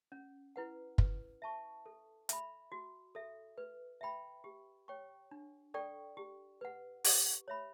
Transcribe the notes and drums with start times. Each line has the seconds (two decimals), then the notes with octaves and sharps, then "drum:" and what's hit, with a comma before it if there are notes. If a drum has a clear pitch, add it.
0.12 C#4
0.56 E4 B4 F#5
0.98 B4, drum: kick
1.42 E5 A5 C#6
1.86 A4
2.29 E5 B5, drum: hi-hat
2.72 F#4
3.15 A4 E5
3.58 B4
4.01 E5 G5 B5
4.44 G4
4.88 C#5 G5 C#6
5.31 D4
5.74 A4 D5 G5 C#6
6.17 G4
6.61 B4 F#5
7.04 G4, drum: open hi-hat
7.48 C#5 E5 B5